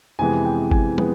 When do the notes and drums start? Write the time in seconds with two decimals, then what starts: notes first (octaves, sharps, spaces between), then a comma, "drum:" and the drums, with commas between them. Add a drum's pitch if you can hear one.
0.19 F2 C3 E3 G#3 B3 G#5
0.45 G5
0.71 G#5, drum: kick G#1
0.98 E3 G#3 B3, drum: tom